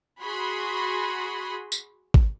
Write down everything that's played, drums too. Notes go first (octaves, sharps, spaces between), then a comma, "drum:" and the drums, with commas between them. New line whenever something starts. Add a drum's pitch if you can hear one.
F#4 G#4 B5 C6
drum: tambourine
drum: kick G#1